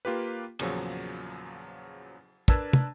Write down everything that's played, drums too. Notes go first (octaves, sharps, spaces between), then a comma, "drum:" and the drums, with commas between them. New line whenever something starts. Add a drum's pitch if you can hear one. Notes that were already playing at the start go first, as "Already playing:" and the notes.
A#3 F4 G4 B4
E2 A#2 C#3 F3 F#3, drum: cymbal
D4 A#4 B4 A5 E6 G#6, drum: kick
drum: tom